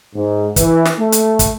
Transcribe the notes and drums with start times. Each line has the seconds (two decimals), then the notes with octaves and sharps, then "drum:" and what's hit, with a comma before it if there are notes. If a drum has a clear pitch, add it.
0.15 G#2
0.56 E3, drum: kick, hi-hat
0.85 drum: snare
0.99 A3
1.12 drum: hi-hat
1.39 drum: kick, hi-hat